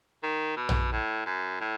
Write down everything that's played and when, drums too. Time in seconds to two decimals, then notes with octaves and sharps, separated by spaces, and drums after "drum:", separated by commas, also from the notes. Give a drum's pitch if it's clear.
0.23 D#3
0.56 B2
0.69 drum: tom A#1
0.92 A2
1.26 F#2
1.60 A2